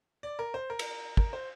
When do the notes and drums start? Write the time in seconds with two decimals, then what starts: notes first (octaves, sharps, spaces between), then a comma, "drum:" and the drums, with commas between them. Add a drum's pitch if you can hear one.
0.23 D5
0.39 A#4
0.54 C5
0.70 A#4
0.79 drum: cymbal
1.17 A#4, drum: kick
1.33 C5